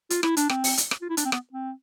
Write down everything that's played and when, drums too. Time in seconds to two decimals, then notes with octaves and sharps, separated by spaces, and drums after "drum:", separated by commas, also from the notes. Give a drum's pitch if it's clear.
0.10 F4, drum: hi-hat
0.23 E4, drum: rim click
0.37 D4, drum: hi-hat
0.49 C4, drum: rim click
0.64 drum: open hi-hat
0.77 drum: hi-hat
0.91 drum: rim click
1.02 F4
1.09 E4
1.17 D4, drum: hi-hat
1.25 C4
1.32 B3, drum: rim click
1.52 C4